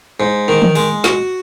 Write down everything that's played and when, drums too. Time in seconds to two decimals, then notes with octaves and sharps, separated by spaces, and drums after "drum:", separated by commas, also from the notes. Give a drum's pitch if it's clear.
0.20 G#2
0.48 D#3
0.62 drum: tom
0.75 G#3, drum: open hi-hat
1.04 F#4, drum: snare